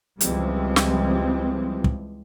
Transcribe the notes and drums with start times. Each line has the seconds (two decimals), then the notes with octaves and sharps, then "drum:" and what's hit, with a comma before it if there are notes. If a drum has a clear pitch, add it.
0.21 C#2 E3 F3 G3 G#3 C4, drum: hi-hat
0.76 drum: snare
1.84 drum: kick